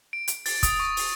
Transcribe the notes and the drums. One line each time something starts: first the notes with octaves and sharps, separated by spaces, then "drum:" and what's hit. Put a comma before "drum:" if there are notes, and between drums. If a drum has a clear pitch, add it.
D7
drum: hi-hat
A6, drum: open hi-hat
D#6, drum: kick, hi-hat
C#6
drum: open hi-hat